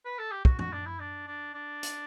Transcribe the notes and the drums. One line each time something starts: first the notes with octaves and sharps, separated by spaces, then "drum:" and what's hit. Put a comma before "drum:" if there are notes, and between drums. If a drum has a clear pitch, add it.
B4
A4
G4
F#4, drum: kick
F#4, drum: tom
D4
E4
D4
D4
D4
drum: hi-hat